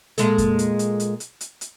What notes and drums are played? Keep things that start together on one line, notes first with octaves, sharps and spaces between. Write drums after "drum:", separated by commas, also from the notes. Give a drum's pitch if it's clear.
A#2 G#3 A4, drum: hi-hat
drum: kick F2, hi-hat
drum: hi-hat
drum: hi-hat
drum: hi-hat
drum: hi-hat
drum: hi-hat
drum: hi-hat